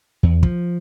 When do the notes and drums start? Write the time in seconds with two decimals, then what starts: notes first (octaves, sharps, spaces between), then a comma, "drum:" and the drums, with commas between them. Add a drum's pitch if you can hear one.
0.23 E2
0.43 F3, drum: kick